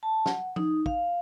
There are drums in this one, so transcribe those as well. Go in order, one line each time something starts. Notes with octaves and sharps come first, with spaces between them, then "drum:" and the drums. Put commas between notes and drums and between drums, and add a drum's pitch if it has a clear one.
A5
F#5, drum: snare
D#4, drum: tom F3
F5, drum: kick